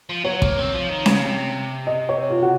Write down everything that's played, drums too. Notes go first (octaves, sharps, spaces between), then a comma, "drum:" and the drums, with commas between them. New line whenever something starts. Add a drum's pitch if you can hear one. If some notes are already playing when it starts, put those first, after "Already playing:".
F3
F#3 C#5
A#3, drum: kick
C4
F3
D#3
C#3, drum: snare C#4
C3
D#5
C#5
F4
F#4